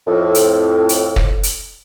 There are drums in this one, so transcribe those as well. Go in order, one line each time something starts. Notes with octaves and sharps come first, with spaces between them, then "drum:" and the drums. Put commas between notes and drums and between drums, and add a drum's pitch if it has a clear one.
F2 A2
drum: hi-hat
drum: hi-hat
drum: kick
drum: hi-hat